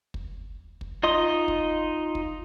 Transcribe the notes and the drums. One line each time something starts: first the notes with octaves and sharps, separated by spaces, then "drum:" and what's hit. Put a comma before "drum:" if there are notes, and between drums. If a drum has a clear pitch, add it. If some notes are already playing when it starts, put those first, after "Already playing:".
drum: kick
drum: kick
D#4 F4 D#5 C6 D#6
drum: kick
drum: kick